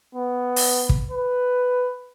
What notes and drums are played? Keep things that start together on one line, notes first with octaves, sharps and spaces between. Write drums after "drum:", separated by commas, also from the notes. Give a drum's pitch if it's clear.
B3
drum: open hi-hat
drum: kick
B4